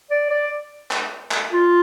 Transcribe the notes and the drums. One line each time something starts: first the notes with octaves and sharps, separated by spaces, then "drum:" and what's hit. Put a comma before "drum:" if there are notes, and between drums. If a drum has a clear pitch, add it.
D5
D5
drum: clap
drum: clap
F4